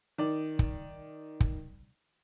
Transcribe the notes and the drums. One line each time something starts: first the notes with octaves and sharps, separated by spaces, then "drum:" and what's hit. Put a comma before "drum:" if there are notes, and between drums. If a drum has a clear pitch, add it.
D#3 D5
drum: kick
drum: kick